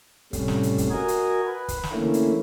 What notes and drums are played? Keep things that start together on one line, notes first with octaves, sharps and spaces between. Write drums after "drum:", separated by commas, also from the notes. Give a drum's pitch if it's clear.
A2 C3 G3 A3 C#4, drum: kick, hi-hat
drum: snare
drum: hi-hat
drum: kick, hi-hat
F#4 A#4 D#5 G#5
drum: hi-hat
B4
drum: kick, hi-hat
drum: snare
D3 E3 A3 A#3 C#4 E4
drum: hi-hat